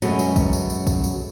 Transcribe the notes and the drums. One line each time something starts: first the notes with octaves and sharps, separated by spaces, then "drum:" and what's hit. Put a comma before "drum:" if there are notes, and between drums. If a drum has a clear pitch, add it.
F#2 B2 F#3 G#3 A3 C#4, drum: tambourine
drum: tambourine
drum: kick, tambourine
drum: tambourine
drum: tambourine
drum: kick, tambourine
drum: tambourine